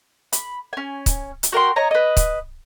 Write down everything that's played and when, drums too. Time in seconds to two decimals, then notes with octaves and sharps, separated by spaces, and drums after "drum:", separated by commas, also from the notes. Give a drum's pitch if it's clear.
0.33 B5, drum: hi-hat
0.73 C#4 G#5
1.06 drum: kick, hi-hat
1.43 drum: hi-hat
1.52 F#4 A#4 G5 C6
1.76 C#5 D#5 A#5
1.91 B4 D#5
2.17 drum: kick, hi-hat